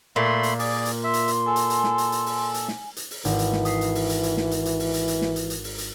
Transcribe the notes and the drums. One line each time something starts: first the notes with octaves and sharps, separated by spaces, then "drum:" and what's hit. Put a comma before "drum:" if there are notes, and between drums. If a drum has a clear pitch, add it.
A#2 A3 B5 C6
drum: hi-hat
G#4 D5, drum: open hi-hat
drum: hi-hat
E5 C6
drum: hi-hat
drum: hi-hat
A4 G#5
drum: hi-hat
drum: hi-hat
drum: snare
drum: hi-hat
drum: hi-hat
drum: open hi-hat
drum: hi-hat
drum: snare
drum: hi-hat
drum: open hi-hat
G#1 E3, drum: hi-hat
drum: hi-hat
drum: snare
D#6 B6 C7, drum: hi-hat
drum: hi-hat
drum: open hi-hat
drum: hi-hat
drum: hi-hat
drum: snare
drum: hi-hat
drum: hi-hat
drum: open hi-hat
drum: hi-hat
drum: hi-hat
drum: snare
drum: hi-hat
drum: hi-hat
drum: open hi-hat
drum: hi-hat